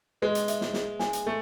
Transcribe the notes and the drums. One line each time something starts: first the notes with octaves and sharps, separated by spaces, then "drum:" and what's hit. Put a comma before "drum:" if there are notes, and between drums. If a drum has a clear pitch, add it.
G#3 B4
drum: hi-hat
E5, drum: hi-hat
drum: snare
G#4, drum: snare
G#5, drum: snare
drum: hi-hat
A3 A4